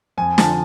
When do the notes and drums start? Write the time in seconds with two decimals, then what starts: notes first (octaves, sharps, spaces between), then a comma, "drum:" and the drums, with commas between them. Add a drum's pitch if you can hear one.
0.17 F2 G#5
0.38 D3 F3 A5, drum: snare